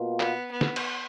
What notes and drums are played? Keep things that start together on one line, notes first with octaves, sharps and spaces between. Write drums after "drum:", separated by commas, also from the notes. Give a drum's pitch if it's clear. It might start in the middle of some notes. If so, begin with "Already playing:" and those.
Already playing: B2 A#3 F4
B3, drum: clap
B3
drum: snare
drum: cymbal